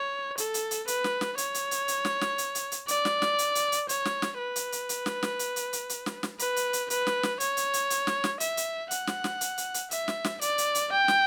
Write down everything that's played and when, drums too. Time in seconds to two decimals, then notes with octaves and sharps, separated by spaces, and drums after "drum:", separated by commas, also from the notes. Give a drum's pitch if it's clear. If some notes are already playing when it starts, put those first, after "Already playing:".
Already playing: C#5
0.38 A4, drum: hi-hat
0.54 drum: hi-hat
0.71 drum: hi-hat
0.88 B4, drum: hi-hat
1.04 drum: snare
1.21 drum: snare
1.38 C#5, drum: hi-hat
1.54 drum: hi-hat
1.71 drum: hi-hat
1.88 drum: hi-hat
2.05 drum: snare
2.21 drum: snare
2.38 drum: hi-hat
2.55 drum: hi-hat
2.72 drum: hi-hat
2.88 D5, drum: hi-hat
3.05 drum: snare
3.22 drum: snare
3.39 drum: hi-hat
3.55 drum: hi-hat
3.72 drum: hi-hat
3.89 C#5, drum: hi-hat
4.05 drum: snare
4.22 drum: snare
4.39 B4
4.56 drum: hi-hat
4.72 drum: hi-hat
4.89 drum: hi-hat
5.06 drum: snare
5.23 drum: snare
5.39 drum: hi-hat
5.56 drum: hi-hat
5.73 drum: hi-hat
5.89 drum: hi-hat
6.06 drum: snare
6.23 drum: snare
6.39 B4, drum: hi-hat
6.56 drum: hi-hat
6.73 drum: hi-hat
6.90 B4, drum: hi-hat
7.07 drum: snare
7.23 drum: snare
7.40 C#5, drum: hi-hat
7.57 drum: hi-hat
7.74 drum: hi-hat
7.90 drum: hi-hat
8.07 drum: snare
8.24 drum: snare
8.40 E5, drum: hi-hat
8.57 drum: hi-hat
8.91 F#5, drum: hi-hat
9.07 drum: snare
9.24 drum: snare
9.41 drum: hi-hat
9.58 drum: hi-hat
9.74 drum: hi-hat
9.91 E5, drum: hi-hat
10.08 drum: snare
10.24 drum: snare
10.41 D5, drum: hi-hat
10.58 drum: hi-hat
10.75 drum: hi-hat
10.92 G5
11.08 drum: snare